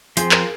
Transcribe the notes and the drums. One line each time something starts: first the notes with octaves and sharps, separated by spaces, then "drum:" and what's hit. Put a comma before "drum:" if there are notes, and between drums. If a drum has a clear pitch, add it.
F3 C4 F4 G#4 C5, drum: hi-hat
A#4, drum: clap